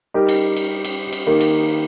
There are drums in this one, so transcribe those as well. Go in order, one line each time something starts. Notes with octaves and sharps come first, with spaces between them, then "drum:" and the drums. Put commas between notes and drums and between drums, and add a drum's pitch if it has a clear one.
G3 D#4 G4 A#4
drum: cymbal
drum: cymbal
drum: cymbal
drum: cymbal
D#3 A#3 D#4 G4
drum: cymbal